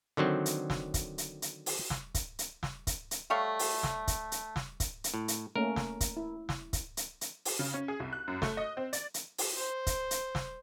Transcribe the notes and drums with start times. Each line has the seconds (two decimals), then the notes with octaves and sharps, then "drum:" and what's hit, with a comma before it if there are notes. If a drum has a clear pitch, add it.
0.17 D3 D#3 F#3 C4
0.46 drum: hi-hat
0.70 drum: snare
0.94 drum: kick, hi-hat
1.18 drum: hi-hat
1.42 drum: hi-hat
1.66 drum: open hi-hat
1.90 drum: snare
2.15 drum: kick, hi-hat
2.39 drum: hi-hat
2.63 drum: snare
2.87 drum: kick, hi-hat
3.11 drum: hi-hat
3.30 G3 A3 C#5 F5
3.59 drum: open hi-hat
3.83 drum: snare
4.08 drum: kick, hi-hat
4.32 drum: hi-hat
4.56 drum: snare
4.80 drum: kick, hi-hat
5.04 drum: hi-hat
5.14 A2
5.28 drum: hi-hat
5.56 A3 A#3 C#4 A#4
5.76 drum: snare
6.01 drum: kick, hi-hat
6.17 E4
6.49 drum: snare
6.73 drum: kick, hi-hat
6.97 drum: hi-hat
7.21 drum: hi-hat
7.45 drum: open hi-hat
7.59 C#3
7.74 C#4
7.88 G#4
8.00 C2
8.13 F#6
8.28 F#2
8.42 A3, drum: snare
8.57 D#5
8.77 C4
8.93 D5, drum: hi-hat
9.14 drum: hi-hat
9.38 drum: open hi-hat
9.57 C5
9.87 drum: kick, hi-hat
10.11 drum: hi-hat
10.35 drum: snare